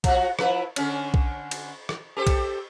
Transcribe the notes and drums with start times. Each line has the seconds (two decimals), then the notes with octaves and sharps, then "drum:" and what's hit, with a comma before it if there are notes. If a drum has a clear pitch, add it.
0.04 F3 F#4, drum: kick, cymbal
0.39 F3 E4 B4, drum: rim click
0.76 D3 C#4, drum: cymbal
1.14 drum: kick
1.51 drum: cymbal
1.89 drum: rim click
2.17 G4 A4 C5
2.27 drum: kick, cymbal